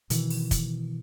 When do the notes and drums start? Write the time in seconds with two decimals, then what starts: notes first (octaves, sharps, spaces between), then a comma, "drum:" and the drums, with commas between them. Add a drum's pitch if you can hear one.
0.10 B2 D#3 E3, drum: hi-hat
0.31 drum: open hi-hat
0.51 drum: kick, hi-hat